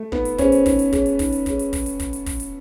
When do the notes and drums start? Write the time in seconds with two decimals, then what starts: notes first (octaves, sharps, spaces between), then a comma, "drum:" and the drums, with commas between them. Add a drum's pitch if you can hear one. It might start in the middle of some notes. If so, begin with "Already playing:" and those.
Already playing: A3
0.12 B3 D#4, drum: kick
0.25 drum: hi-hat
0.38 C#4 G#4 C5, drum: kick, hi-hat
0.52 drum: hi-hat
0.66 D#4, drum: kick, open hi-hat
0.79 drum: hi-hat
0.92 G#4 C#5, drum: kick, hi-hat
1.06 drum: hi-hat
1.19 D#4, drum: kick, open hi-hat
1.32 drum: hi-hat
1.46 G#4 C#5, drum: kick, hi-hat
1.59 drum: hi-hat
1.73 drum: kick, open hi-hat
1.86 drum: hi-hat
2.00 drum: kick, hi-hat
2.13 drum: hi-hat
2.26 drum: kick, open hi-hat
2.40 drum: hi-hat